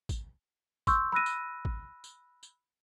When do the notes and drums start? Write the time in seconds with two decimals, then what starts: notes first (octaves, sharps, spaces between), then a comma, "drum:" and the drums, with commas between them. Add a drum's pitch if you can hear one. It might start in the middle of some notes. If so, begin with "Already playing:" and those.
0.09 drum: kick, tambourine
0.87 C6 C#6 E6 F6 G6, drum: kick, tambourine
1.12 B5 E6 F#6 A#6 D#7
1.26 drum: tambourine
1.65 drum: kick
2.04 drum: tambourine
2.43 drum: tambourine